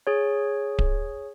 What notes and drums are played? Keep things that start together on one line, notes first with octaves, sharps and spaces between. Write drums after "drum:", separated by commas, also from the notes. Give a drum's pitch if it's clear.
G#4 C#5
drum: kick D1